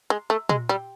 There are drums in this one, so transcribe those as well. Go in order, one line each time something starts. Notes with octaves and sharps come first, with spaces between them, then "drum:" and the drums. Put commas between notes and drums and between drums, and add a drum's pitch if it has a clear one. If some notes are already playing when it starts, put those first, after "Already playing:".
G#3
A3
G#3, drum: tom A#2
G3